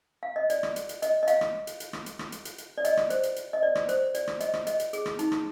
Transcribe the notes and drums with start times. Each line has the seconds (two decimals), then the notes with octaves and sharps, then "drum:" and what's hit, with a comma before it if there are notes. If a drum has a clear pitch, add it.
0.23 F5
0.36 D#5
0.50 D5, drum: hi-hat
0.63 drum: rim click
0.76 drum: hi-hat
0.89 drum: hi-hat
1.02 D#5, drum: hi-hat
1.23 D#5
1.27 F5, drum: hi-hat
1.41 drum: rim click
1.67 drum: hi-hat
1.80 drum: hi-hat
1.93 drum: rim click
2.06 drum: hi-hat
2.19 drum: rim click
2.32 drum: hi-hat
2.45 drum: hi-hat
2.58 drum: hi-hat
2.78 D5
2.85 D#5, drum: hi-hat
2.97 drum: rim click
3.10 C5, drum: hi-hat
3.23 drum: hi-hat
3.36 drum: hi-hat
3.53 D#5
3.63 D5
3.75 drum: rim click
3.89 C5, drum: hi-hat
4.15 D5, drum: hi-hat
4.27 drum: rim click
4.40 D#5, drum: hi-hat
4.54 drum: rim click
4.67 D#5, drum: hi-hat
4.80 drum: hi-hat
4.93 G#4, drum: hi-hat
5.06 drum: rim click
5.19 D#4, drum: hi-hat
5.32 drum: rim click